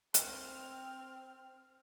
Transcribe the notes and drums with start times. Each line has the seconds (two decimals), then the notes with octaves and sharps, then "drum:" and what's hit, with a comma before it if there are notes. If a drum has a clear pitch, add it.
0.14 C4 F6, drum: hi-hat